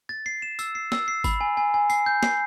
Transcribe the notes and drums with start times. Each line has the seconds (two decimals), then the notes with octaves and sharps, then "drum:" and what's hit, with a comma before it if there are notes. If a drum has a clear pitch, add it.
0.09 A6
0.26 C7
0.42 E7
0.59 E6, drum: tambourine
0.75 C7
0.92 E6, drum: snare
1.08 C7
1.24 B5, drum: kick G#1, tambourine
1.41 G#5
1.57 G#5
1.74 G#5
1.90 C7, drum: tambourine
2.06 G6
2.23 C7, drum: snare